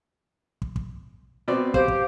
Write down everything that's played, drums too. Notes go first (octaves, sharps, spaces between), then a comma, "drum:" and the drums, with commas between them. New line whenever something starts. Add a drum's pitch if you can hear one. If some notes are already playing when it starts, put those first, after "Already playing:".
drum: kick
drum: kick
B2 C4 D5
G4 C5 F5, drum: kick
drum: kick